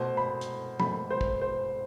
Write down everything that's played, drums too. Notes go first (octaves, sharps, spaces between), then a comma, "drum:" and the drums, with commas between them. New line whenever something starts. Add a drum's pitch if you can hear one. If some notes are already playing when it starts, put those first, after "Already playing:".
Already playing: B2 A3 C5
B5
drum: hi-hat
B2 A3 B5, drum: tom
C5
drum: kick
C5